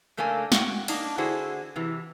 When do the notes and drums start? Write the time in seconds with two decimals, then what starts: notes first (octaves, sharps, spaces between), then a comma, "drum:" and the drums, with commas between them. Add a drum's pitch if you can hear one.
0.17 C#3 A3 A#3 D4 A4 G#5
0.52 F#4 F#5 G5, drum: snare
0.88 A#3 D4 D#4, drum: cymbal
1.18 D3 E4 F#4 G#4 C5
1.76 C3 E3